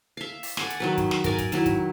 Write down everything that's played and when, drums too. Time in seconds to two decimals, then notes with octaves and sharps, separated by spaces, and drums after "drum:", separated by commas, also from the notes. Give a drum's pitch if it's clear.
0.17 E5 F5
0.43 drum: open hi-hat
0.57 D5 F#5 G#5, drum: snare
0.70 drum: hi-hat
0.80 D#3 F#3 B4
0.98 drum: kick, hi-hat
1.11 drum: snare
1.24 A#4 D5 G#5, drum: kick, hi-hat
1.38 drum: kick, hi-hat
1.52 D#3 F#3 E4, drum: hi-hat
1.66 drum: kick, hi-hat